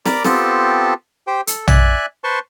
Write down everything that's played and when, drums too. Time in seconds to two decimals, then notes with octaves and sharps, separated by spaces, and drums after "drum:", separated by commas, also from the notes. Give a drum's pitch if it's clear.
0.06 A#4 D5 A#5 B5 D6, drum: snare
0.24 B3 C4 F4 G4 A4 A5, drum: snare
1.27 G4 C5 G5
1.47 A4, drum: hi-hat
1.67 D5 E5 G#5 F#6, drum: tom
2.24 B4 C5 A5 C6 C#6